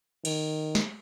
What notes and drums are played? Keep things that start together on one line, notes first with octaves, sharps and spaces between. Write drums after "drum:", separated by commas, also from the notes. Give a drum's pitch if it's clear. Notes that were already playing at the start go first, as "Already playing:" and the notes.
D#3, drum: cymbal
drum: snare